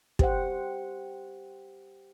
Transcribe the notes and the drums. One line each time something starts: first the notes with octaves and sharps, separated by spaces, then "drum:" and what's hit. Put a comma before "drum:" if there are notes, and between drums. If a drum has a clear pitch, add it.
G4 C5 F#5, drum: kick